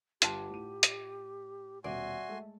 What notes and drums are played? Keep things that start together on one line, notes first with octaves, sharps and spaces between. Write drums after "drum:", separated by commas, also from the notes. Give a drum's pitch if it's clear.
G1 F4 G4 F#5 G5 A5 C6, drum: hi-hat
A2 E4 D#7
drum: hi-hat
D#1 B2 F#4 D5 E5 G#5 C6 D#7
G#3 A3 A4